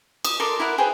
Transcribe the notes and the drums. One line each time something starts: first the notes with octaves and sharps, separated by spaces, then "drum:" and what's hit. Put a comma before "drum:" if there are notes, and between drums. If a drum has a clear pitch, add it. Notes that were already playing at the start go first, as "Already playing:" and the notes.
D#6, drum: cymbal
A4 A#4 C6 D6
E4 A#4 F#5
G#4 B4 C5 G5